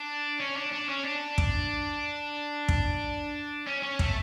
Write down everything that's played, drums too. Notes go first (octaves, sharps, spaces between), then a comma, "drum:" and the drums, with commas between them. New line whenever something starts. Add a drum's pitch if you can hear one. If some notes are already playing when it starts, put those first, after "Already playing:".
Already playing: D4
C#4
D4
D4
C#4
D4
drum: kick
drum: kick
C#4
C#4
A3, drum: kick